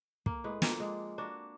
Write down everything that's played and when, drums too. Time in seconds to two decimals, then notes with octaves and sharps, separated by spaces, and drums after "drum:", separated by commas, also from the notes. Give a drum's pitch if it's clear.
0.26 A#3, drum: kick
0.44 A2 G#3 B4
0.62 F3 A#3 C4, drum: snare
0.80 G#3 D4
1.18 A#3 D4 F#4